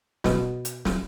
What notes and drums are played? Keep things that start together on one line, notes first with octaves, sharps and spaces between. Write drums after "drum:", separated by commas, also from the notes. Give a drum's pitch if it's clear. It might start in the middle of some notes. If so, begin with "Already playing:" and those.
B2, drum: snare
drum: hi-hat
drum: snare